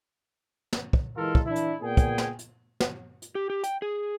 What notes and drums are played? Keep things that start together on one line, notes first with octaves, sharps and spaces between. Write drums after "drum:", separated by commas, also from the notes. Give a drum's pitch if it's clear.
drum: snare
drum: kick
E3 G#3 F4 A4 A#4
drum: kick
E3 D4 E4
drum: hi-hat
A#2 B3 G#4 G5 G#5
drum: kick, hi-hat
drum: snare
drum: hi-hat
drum: snare
drum: hi-hat
G4
G4
G5, drum: hi-hat
G#4